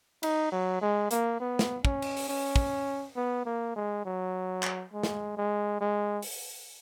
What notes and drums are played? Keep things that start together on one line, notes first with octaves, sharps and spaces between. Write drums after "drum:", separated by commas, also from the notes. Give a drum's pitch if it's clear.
D#4, drum: cymbal
F#3
G#3
A#3, drum: hi-hat
B3
drum: snare
C#4, drum: kick
drum: cymbal
drum: open hi-hat
C#4
drum: kick
B3
A#3
G#3
F#3
drum: clap
G#3
drum: snare
G#3
G#3
drum: open hi-hat